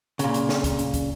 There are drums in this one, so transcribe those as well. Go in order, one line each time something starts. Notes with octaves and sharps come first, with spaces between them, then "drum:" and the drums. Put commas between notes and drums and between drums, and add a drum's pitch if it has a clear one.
A#2 C#3, drum: hi-hat
drum: hi-hat
drum: snare
drum: kick, hi-hat
drum: hi-hat
drum: kick, hi-hat